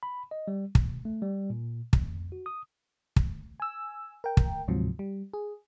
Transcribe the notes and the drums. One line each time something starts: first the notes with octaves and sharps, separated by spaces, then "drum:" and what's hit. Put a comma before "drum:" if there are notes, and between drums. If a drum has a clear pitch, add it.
B5
D#5
G3
B2, drum: kick
A3
G3
A#2
F2, drum: kick
F#4
D#6
drum: kick
G#5 E6
A#4 G5
drum: kick
D2 G#2 C3 F3 F#3
G3
G#4